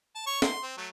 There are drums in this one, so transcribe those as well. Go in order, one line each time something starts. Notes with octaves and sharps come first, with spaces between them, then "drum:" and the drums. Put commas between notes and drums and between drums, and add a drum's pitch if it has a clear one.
A5
C#5 C#6
C6, drum: snare
C4
F#3 A3